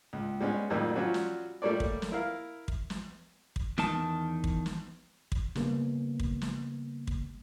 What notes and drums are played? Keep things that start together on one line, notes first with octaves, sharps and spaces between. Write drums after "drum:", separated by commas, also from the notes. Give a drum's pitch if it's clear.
C#2
G3 G#3 B3 C#4
F2 A2 D#3 F#3 G3
F#3 G3 C#4 F4 F#4
drum: snare
G3 A3 A#3 C#5 D5
drum: kick
drum: snare
E4 A#4 F5
drum: kick
drum: snare
drum: kick
E2 D#3 A5, drum: snare
drum: kick
drum: snare
drum: kick
C#3 G3 A#3 B3, drum: snare
drum: kick
drum: snare
drum: kick